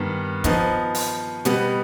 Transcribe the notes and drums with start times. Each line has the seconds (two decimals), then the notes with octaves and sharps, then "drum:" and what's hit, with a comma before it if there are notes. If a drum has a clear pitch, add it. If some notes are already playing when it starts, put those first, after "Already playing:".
Already playing: G2 D#3 B3
0.44 F3 B3 D#4, drum: kick, hi-hat
0.95 drum: open hi-hat
1.45 B2 G3 B3, drum: hi-hat